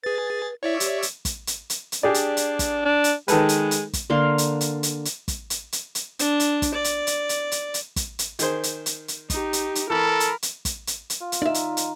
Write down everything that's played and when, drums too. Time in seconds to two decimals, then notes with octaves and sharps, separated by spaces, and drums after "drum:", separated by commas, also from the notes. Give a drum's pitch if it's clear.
0.04 G#4 B4 A6
0.63 E4 C#5 D5 E5
0.80 G4, drum: hi-hat
1.02 drum: hi-hat
1.25 drum: kick, hi-hat
1.47 drum: hi-hat
1.70 drum: hi-hat
1.92 drum: hi-hat
2.03 D4 G4 G#4 D5
2.14 drum: hi-hat
2.37 drum: hi-hat
2.59 drum: kick, hi-hat
2.85 D4
3.04 drum: hi-hat
3.28 D#3 G#3 A4 B4, drum: hi-hat
3.49 drum: hi-hat
3.71 drum: hi-hat
3.93 drum: kick, hi-hat
4.10 D3 A#3 F5 C6
4.38 drum: hi-hat
4.61 drum: hi-hat
4.83 drum: hi-hat
5.05 drum: hi-hat
5.28 drum: kick, hi-hat
5.50 drum: hi-hat
5.72 drum: hi-hat
5.95 drum: hi-hat
6.19 D4, drum: hi-hat
6.40 drum: hi-hat
6.62 drum: kick, hi-hat
6.74 D5
6.84 drum: hi-hat
7.07 drum: hi-hat
7.29 drum: hi-hat
7.52 drum: hi-hat
7.74 drum: hi-hat
7.96 drum: kick, hi-hat
8.19 drum: hi-hat
8.39 D#3 G#4 C5, drum: hi-hat
8.63 drum: hi-hat
8.86 drum: hi-hat
9.08 drum: hi-hat
9.30 D#4 G4, drum: kick, hi-hat
9.53 drum: hi-hat
9.75 drum: hi-hat
9.90 E3 A4 A#4 B5
10.20 drum: hi-hat
10.43 drum: hi-hat
10.65 drum: kick, hi-hat
10.87 drum: hi-hat
11.10 drum: hi-hat
11.21 F4
11.32 drum: hi-hat
11.42 D#4 D5 E5
11.54 drum: hi-hat
11.77 drum: hi-hat